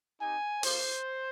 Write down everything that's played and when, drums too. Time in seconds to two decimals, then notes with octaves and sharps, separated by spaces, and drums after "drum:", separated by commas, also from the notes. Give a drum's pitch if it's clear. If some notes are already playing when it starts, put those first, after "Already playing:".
0.20 C4 D#4 G4 G#5
0.63 A#3 F4 C5, drum: open hi-hat